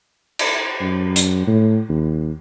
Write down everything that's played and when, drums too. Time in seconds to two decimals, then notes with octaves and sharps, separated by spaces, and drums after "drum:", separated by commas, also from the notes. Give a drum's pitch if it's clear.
0.39 drum: cymbal
0.81 F#2
1.16 drum: hi-hat
1.47 A2
1.89 D#2